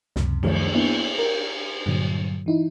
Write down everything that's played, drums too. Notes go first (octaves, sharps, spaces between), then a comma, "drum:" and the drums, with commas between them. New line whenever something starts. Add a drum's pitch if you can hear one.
C#2 F#2 C3, drum: snare
F#2 D#3 F3 A3, drum: cymbal
A#3 B3 D4 E4
G4 A#4
G2 A#2 D3 F#3
E3 D#4 E4